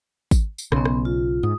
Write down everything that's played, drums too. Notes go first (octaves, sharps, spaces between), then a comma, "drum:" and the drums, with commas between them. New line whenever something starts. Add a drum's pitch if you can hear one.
drum: kick G#1, tambourine
drum: tambourine
B1 C#3 B3 C6, drum: rim click
drum: rim click
F4
G#2 D#6